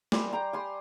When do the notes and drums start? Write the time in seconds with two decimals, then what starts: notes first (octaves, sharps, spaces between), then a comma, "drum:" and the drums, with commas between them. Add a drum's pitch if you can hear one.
0.12 G3 G#5 C6, drum: snare
0.33 G5 A#5
0.53 G3 G#5 C6